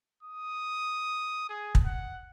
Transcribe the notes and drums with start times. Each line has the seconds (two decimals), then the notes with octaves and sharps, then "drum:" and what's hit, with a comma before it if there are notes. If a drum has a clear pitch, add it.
0.23 D#6
1.49 G#4
1.75 drum: kick
1.85 F#5